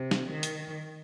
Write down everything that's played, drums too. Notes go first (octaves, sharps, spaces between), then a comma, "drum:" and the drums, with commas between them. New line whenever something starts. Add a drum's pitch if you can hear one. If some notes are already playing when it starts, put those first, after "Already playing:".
Already playing: C3
drum: snare
D#3
drum: hi-hat